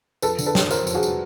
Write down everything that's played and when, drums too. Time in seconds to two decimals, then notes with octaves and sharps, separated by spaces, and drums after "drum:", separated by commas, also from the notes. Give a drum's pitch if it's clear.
0.22 F2 A4 B4, drum: tambourine
0.39 D3, drum: tambourine
0.46 A4 B4
0.55 D3, drum: snare
0.70 F2 A#4 C5, drum: tambourine
0.87 F2, drum: tambourine
0.94 F#4 G#4
1.03 G3, drum: tambourine